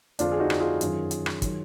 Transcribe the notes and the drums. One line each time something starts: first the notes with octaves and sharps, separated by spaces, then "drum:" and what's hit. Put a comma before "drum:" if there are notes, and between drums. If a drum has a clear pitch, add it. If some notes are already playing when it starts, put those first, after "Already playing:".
F2 D3 G#3 D4 F4, drum: hi-hat
G#4
D#4 F#4
drum: rim click
F4 G#4
F#2 D#3 F#3, drum: hi-hat
drum: hi-hat
drum: rim click
D#3 F#3, drum: kick, hi-hat